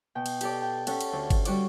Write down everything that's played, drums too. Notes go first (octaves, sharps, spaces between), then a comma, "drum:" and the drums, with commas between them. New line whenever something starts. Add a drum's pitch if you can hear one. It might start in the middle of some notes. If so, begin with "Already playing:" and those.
B2 G5
drum: cymbal
G4 A4 D5, drum: cymbal
G5
C#4 G4 A4 F#5, drum: cymbal
drum: cymbal
D2
drum: kick G1, cymbal
G3 F#4 C#5 D5, drum: cymbal